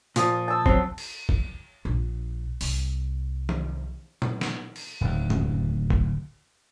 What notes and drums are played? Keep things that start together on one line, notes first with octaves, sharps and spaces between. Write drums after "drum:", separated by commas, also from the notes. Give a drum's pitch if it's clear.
A#2 F3 D#6, drum: hi-hat
A5 E6
F#3 C4, drum: kick
drum: cymbal
drum: kick
A#1
C2, drum: open hi-hat
drum: tom D#3
drum: tom
drum: snare
drum: cymbal
D1 D#2
drum: tom
drum: kick